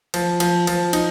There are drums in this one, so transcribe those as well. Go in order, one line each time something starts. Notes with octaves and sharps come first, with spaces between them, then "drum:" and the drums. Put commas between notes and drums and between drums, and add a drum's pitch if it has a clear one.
F3, drum: cymbal
F3, drum: cymbal
F3, drum: cymbal
D#4, drum: cymbal